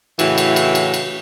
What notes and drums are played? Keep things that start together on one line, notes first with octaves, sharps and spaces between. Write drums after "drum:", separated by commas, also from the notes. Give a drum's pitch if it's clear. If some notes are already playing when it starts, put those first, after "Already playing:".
A2 C#3 E3 E4 F#4, drum: cymbal
drum: cymbal
drum: cymbal
drum: cymbal
drum: cymbal